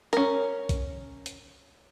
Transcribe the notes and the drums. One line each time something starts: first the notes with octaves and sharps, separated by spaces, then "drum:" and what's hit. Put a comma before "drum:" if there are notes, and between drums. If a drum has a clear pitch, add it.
C#4 A#4, drum: hi-hat
drum: kick A#1, hi-hat
drum: hi-hat